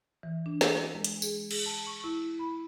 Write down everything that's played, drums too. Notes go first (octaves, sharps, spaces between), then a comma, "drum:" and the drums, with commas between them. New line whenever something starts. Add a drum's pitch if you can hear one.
E3
D4
G#4, drum: snare
G#3
drum: hi-hat
G#4, drum: tambourine
G#4, drum: cymbal
A5
C#6
E4
B5